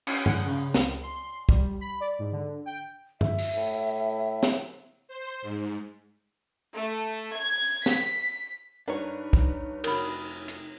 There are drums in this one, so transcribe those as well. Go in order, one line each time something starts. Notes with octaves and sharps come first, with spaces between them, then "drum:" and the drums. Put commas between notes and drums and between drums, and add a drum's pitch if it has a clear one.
C#4, drum: cymbal
F#5, drum: tom G2
C#3
C#2, drum: snare
C6
G3, drum: kick
B5
D5
G#2
D3
G5
E5, drum: tom G2
drum: open hi-hat
A2
drum: snare
C5
G#2
A3
G#6
B6, drum: snare
G2 D4 D#4 B4 C#5 A#5
drum: kick
F1 F#4 A#4 B5 D#6, drum: cymbal
drum: hi-hat